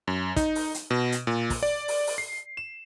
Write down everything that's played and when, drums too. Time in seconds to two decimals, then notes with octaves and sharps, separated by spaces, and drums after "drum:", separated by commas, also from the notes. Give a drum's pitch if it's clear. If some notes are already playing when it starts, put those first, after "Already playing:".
0.08 F#2
0.36 D#4, drum: kick, hi-hat
0.55 drum: open hi-hat
0.74 drum: hi-hat
0.90 B2
1.12 drum: hi-hat
1.27 A#2
1.50 drum: kick, open hi-hat
1.63 D5
1.88 drum: open hi-hat
2.07 drum: open hi-hat
2.18 C7
2.57 E7